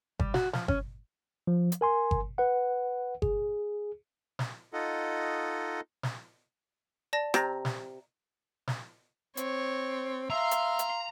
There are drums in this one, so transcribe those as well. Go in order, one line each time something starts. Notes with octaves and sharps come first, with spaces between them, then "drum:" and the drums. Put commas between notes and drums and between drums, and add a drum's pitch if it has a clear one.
G3, drum: kick G1
F#4, drum: snare
F3, drum: snare
C#4, drum: kick G1
F3
drum: hi-hat
A#4 G#5 C6
drum: kick G1
B4 F#5
G#4, drum: kick G1
drum: snare
D#4 F4 A4 D#5 F#5
drum: snare
D5 A5 A#6
C3 A#5 A#6, drum: rim click
drum: snare
drum: snare
C4 C#5, drum: hi-hat
E5 F5 A#5 C6
drum: hi-hat
drum: hi-hat